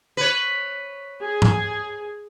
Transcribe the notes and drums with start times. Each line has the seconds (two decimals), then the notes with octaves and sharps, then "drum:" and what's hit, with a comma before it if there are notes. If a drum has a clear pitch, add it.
0.17 B4 C#5
1.25 G#4
1.42 drum: tom G#2